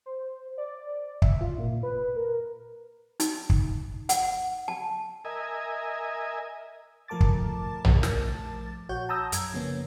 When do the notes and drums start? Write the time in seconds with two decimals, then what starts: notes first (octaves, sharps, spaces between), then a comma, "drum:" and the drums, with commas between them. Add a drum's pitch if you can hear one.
0.06 C5
0.58 D5
1.22 E5, drum: kick
1.41 F4
1.58 A#2
1.83 B4
2.16 A#4
3.20 D#4, drum: hi-hat
3.50 drum: kick
4.09 F#5, drum: hi-hat
4.68 A5
5.25 A#4 D#5 E5 G#5
7.08 F3 A3 A#4 A5 D6 A6
7.20 drum: kick
7.85 drum: tom A#1
8.03 drum: snare
8.89 A#1 F#4 C#5 F#5 G6
9.09 A5 A#5 D#6 E6 G6 A#6
9.32 F#2 G#6, drum: hi-hat
9.54 C#3 F3 A#3 B3 C#4